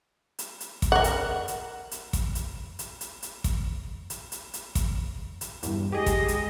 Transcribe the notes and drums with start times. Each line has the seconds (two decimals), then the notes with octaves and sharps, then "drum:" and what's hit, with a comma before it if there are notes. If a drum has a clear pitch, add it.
0.39 drum: hi-hat
0.60 drum: hi-hat
0.82 drum: kick, hi-hat
0.92 A#4 F#5
1.04 drum: hi-hat
1.48 drum: hi-hat
1.91 drum: hi-hat
2.13 drum: kick, hi-hat
2.35 drum: hi-hat
2.79 drum: hi-hat
3.01 drum: hi-hat
3.22 drum: hi-hat
3.44 drum: kick, hi-hat
4.10 drum: hi-hat
4.32 drum: hi-hat
4.54 drum: hi-hat
4.75 drum: kick, hi-hat
5.41 drum: hi-hat
5.63 E2 G2, drum: hi-hat
5.92 G#3 G4 G#4 D#5
6.06 drum: kick, hi-hat
6.28 drum: hi-hat